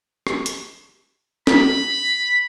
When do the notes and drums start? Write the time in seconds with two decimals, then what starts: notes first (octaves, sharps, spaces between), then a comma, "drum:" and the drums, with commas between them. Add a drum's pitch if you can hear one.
0.27 drum: rim click
0.46 drum: hi-hat
1.47 B5, drum: snare